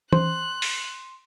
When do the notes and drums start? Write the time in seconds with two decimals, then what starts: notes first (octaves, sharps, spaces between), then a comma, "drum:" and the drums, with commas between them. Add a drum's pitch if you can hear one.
0.13 C5 C6 F#6, drum: tom E3
0.62 drum: open hi-hat